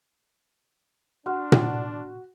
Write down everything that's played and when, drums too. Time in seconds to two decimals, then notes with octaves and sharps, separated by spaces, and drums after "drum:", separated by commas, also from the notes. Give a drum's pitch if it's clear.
1.26 D4 F#4 F#5 C6 F6
1.52 drum: tom A#2